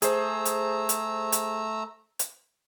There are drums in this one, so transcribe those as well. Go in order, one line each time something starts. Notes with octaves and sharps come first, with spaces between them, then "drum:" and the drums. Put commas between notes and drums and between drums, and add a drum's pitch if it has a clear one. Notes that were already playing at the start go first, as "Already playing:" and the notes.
A3 G#4 C5 A#5 E6, drum: hi-hat
drum: hi-hat
drum: hi-hat
drum: hi-hat
drum: hi-hat